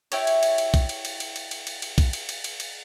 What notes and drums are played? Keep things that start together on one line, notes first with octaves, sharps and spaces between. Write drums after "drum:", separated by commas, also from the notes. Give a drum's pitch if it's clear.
E4 G4 C#5, drum: cymbal
drum: cymbal
drum: cymbal
drum: cymbal
drum: kick, cymbal
drum: cymbal
drum: cymbal
drum: cymbal
drum: cymbal
drum: cymbal
drum: cymbal
drum: cymbal
drum: kick, cymbal
drum: cymbal
drum: cymbal
drum: cymbal
drum: cymbal